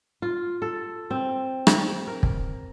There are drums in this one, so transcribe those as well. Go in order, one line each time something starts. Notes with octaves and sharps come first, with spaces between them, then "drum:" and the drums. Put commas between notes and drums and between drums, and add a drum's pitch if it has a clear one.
F4
A4
C4
drum: rim click
A#4
drum: kick